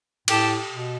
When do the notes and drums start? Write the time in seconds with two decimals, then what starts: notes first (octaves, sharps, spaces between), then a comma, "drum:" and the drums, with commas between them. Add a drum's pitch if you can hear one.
0.28 A2 G4 A4, drum: cymbal
0.70 B2